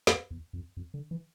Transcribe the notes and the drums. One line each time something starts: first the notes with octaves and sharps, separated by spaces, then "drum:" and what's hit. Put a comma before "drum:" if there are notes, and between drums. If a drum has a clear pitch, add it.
F2, drum: snare
E2
F2
F2
D3
E3